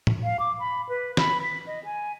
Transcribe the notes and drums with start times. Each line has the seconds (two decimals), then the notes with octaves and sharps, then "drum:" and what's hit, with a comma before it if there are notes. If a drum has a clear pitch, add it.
0.07 drum: tom
0.24 F5
0.39 D6
0.59 B5
0.89 B4
1.17 B5, drum: snare
1.42 B6
1.67 D#5
1.85 G#5